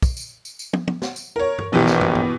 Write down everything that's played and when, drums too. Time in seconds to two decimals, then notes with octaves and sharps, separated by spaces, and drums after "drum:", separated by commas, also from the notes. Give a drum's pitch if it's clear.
0.02 drum: kick, tambourine
0.17 drum: tambourine
0.45 drum: tambourine
0.59 drum: tambourine
0.73 drum: tom
0.88 drum: tom
1.02 drum: snare
1.16 drum: tambourine
1.36 A#4 C#5
1.58 drum: tom
1.73 A#1 B2 E3 G4
1.87 drum: snare
2.01 drum: tom
2.15 drum: tom